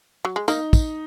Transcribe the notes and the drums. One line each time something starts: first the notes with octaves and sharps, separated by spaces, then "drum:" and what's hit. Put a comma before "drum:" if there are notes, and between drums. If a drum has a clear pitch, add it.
F#3
G#3
A#3 D#4, drum: tambourine
drum: kick, tambourine